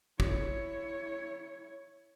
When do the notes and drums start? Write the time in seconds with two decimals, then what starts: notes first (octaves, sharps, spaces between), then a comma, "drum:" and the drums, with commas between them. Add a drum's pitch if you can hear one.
0.20 E4 C#5, drum: kick